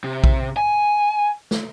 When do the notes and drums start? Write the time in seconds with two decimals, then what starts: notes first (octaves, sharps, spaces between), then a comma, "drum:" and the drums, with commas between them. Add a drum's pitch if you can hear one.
0.04 C3
0.24 drum: kick A#1
0.57 G#5
1.51 drum: snare